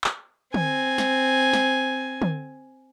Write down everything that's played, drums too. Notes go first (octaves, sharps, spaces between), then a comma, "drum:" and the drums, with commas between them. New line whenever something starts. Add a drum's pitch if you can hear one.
drum: clap
C4 G#5, drum: tom
drum: snare
drum: snare
drum: tom